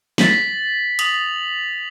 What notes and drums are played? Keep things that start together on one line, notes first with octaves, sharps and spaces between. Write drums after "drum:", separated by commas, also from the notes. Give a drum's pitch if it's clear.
A6 B6 F#7, drum: snare
D#6 F7 F#7, drum: hi-hat